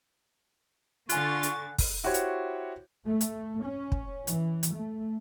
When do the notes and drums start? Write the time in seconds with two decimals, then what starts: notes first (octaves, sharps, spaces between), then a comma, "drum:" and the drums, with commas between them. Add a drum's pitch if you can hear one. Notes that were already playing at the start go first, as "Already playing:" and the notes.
1.09 D3 F4 G#5 C#6 F#6 A6, drum: hi-hat
1.43 drum: hi-hat
1.78 drum: kick, open hi-hat
2.04 E4 F#4 G4 C5 C#5
2.14 drum: hi-hat
3.07 A3
3.21 drum: hi-hat
3.65 C#4
3.92 drum: kick
4.27 E3, drum: hi-hat
4.63 drum: hi-hat
4.75 A3